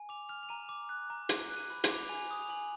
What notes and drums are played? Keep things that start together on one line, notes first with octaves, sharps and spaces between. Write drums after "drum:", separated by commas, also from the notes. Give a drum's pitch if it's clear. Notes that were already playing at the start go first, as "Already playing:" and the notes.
Already playing: G#5
D6 F7
F6 F7
F7
A#5 D#7
D6
F#6
A#5
D6 D#7, drum: hi-hat
F#6
D#7
B5
F7, drum: hi-hat
D6
G#5 F7
D#6
F7
G#5 F#7